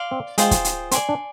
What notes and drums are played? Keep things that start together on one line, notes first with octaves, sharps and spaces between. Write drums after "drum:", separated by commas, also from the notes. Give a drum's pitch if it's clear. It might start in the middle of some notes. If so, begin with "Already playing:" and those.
Already playing: D5 F5 C6
C4
G#3 F4 G#4 C5 G5, drum: hi-hat
drum: kick, hi-hat
drum: hi-hat
C4 D5 G#5 C6, drum: hi-hat
D4